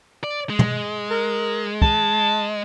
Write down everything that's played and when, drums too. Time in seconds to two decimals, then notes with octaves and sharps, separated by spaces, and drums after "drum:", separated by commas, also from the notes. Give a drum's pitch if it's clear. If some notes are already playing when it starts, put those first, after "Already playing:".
0.24 D5
0.50 G#3
0.59 drum: tom
1.10 A#4
1.82 A5, drum: kick